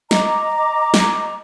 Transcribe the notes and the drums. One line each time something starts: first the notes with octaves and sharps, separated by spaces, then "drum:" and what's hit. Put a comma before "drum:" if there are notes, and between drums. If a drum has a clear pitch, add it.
D#5 A#5 D6, drum: snare
drum: snare